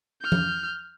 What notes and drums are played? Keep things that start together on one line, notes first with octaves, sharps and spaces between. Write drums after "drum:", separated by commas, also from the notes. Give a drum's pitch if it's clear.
F6 G6
drum: tom F3